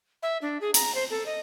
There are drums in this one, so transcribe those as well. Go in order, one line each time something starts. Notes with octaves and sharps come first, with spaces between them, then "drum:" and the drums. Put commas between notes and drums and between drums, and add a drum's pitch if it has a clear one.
E5
D4
G#4
A#5, drum: hi-hat
C5
A4
D#5